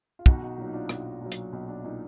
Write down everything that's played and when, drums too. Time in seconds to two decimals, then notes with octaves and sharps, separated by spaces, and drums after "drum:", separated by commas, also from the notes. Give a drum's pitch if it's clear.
0.19 F4
0.26 B1 D#4 F#4, drum: kick
0.42 D#4 F#4
0.58 A#2 F#3 D#4
0.68 D#4
0.73 D4 F4
0.89 B1 D4, drum: rim click
1.21 A#2 F#3
1.32 drum: hi-hat
1.53 B1
1.68 D4
1.84 A#2 F#3 D#4